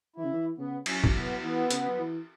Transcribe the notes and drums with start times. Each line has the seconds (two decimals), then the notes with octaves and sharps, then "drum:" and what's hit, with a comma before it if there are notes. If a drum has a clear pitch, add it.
0.16 E3 E4
0.24 C#3
0.32 E3
0.58 C#3 B3
0.86 F#3 C#4, drum: cymbal
1.04 drum: kick
1.15 F#3 B3
1.42 E3 B3
1.71 C#3, drum: hi-hat
1.88 F#3
1.98 E3